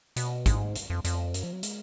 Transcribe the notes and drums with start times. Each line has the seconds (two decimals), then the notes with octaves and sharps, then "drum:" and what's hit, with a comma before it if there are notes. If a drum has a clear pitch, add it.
0.16 B2, drum: hi-hat
0.46 G#2, drum: kick, hi-hat
0.75 drum: hi-hat
0.90 F2
1.05 F2, drum: hi-hat
1.34 F#2, drum: hi-hat
1.44 F3
1.53 F#3
1.63 G#3, drum: hi-hat